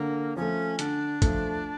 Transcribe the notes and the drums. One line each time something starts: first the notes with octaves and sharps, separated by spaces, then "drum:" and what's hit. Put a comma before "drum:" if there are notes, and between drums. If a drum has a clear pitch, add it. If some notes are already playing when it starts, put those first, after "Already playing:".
Already playing: D3 A#3
F3 A3 C#4
D3 D4, drum: hi-hat
F3 A3, drum: kick, hi-hat